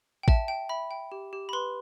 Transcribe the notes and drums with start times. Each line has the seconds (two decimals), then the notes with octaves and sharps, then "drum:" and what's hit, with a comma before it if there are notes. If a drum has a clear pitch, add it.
0.23 G5
0.28 E5 A5, drum: kick
0.48 G5
0.69 E5 B5
0.91 G5
1.12 G4
1.33 G4
1.49 B5
1.53 B4 C6